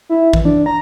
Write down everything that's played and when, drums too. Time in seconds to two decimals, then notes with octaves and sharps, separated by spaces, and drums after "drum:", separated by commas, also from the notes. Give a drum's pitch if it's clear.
0.09 E4
0.33 E3, drum: kick
0.45 D4
0.66 A#5